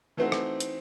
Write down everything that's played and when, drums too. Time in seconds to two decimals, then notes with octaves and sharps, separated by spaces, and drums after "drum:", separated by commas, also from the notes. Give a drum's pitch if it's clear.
0.17 E3 A3 C4 D#4 F#4
0.32 drum: rim click
0.60 drum: hi-hat